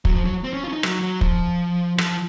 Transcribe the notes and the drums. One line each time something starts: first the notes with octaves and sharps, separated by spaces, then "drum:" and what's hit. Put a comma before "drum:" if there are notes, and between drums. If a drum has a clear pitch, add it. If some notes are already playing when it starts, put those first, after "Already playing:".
F#3, drum: kick
F3
F#3
C4
C#4
F4
C#4
D#4
F#3, drum: rim click
F#3
F3, drum: kick
F3, drum: rim click